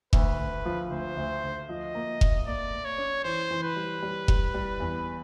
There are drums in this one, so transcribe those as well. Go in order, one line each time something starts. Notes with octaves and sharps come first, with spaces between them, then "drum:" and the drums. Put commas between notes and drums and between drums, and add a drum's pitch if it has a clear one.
D2 B4, drum: kick F1
D2
F3
D2 C5
D2
D2
F3 D#5
A#3
A#3, drum: kick F1
A#3 D5
A#3
C#5
C#4
E3 C5
E3
B4
G3
G3
G3, drum: kick F1
G3
E2